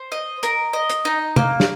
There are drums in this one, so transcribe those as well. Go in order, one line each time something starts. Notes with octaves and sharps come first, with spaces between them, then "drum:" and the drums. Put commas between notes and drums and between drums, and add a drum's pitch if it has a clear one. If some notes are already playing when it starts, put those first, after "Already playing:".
Already playing: C5
D#5
A#4, drum: hi-hat
D#5
drum: hi-hat
D#4
A#3, drum: tom C3
drum: snare